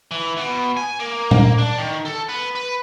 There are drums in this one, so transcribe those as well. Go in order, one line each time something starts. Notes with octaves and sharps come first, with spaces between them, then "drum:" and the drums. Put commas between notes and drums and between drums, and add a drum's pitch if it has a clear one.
E3
B2
G#5
A#3
A#3, drum: tom A#2
D4
D#3
A4
B3
B4